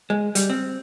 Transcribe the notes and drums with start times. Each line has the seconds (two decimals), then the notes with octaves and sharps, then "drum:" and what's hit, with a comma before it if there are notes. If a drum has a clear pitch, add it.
0.10 G#3
0.35 G3, drum: hi-hat
0.50 C4